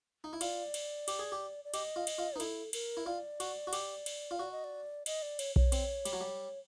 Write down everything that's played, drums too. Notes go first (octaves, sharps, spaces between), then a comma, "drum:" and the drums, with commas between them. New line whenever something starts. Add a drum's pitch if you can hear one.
D#4
E4
F4 D5, drum: cymbal
drum: cymbal
G4, drum: cymbal
G#4
G4
D5
G4 D#5, drum: cymbal
F4
drum: cymbal
F4
D#4
E4 A4, drum: cymbal
A#4, drum: cymbal
E4
F4 D5
F#4, drum: cymbal
F#4
G4, drum: cymbal
drum: cymbal
F4
F#4 D5
D#5
D5
D#5, drum: cymbal
D5
C#5, drum: cymbal
C#5, drum: kick B1
C4, drum: cymbal
G3, drum: cymbal
F#3
G3